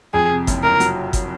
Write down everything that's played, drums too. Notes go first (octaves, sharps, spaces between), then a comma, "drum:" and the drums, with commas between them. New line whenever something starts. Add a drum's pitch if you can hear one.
F2 G#4
C3
F#1, drum: kick G1, hi-hat
F#1 A#4
F#3, drum: hi-hat
drum: kick G1, hi-hat